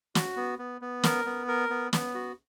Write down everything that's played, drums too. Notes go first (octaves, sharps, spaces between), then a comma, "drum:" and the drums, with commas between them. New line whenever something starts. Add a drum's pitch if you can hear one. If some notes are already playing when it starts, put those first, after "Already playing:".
F#4, drum: snare
B3
B3
B3
A#4, drum: snare
B3
A#4
B3
B3, drum: snare
F#4